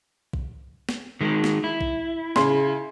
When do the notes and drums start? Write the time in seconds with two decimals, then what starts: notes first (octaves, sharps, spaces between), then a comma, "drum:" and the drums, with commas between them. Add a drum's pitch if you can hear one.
0.33 drum: kick
0.89 drum: snare
1.21 D#3 G#3
1.44 drum: snare
1.64 E4
1.81 drum: kick
2.36 C#3 C6, drum: snare